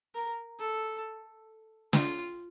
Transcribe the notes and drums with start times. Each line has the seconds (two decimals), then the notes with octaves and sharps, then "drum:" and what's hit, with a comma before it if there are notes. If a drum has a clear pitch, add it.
0.15 A#4
0.59 A4
1.93 F4, drum: snare